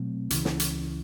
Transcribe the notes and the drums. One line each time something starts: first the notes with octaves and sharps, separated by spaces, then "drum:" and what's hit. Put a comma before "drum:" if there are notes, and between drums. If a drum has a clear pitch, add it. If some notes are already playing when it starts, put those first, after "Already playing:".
Already playing: B2 F#3 A3 C4
C#2 C#3 E3, drum: hi-hat
drum: snare
drum: hi-hat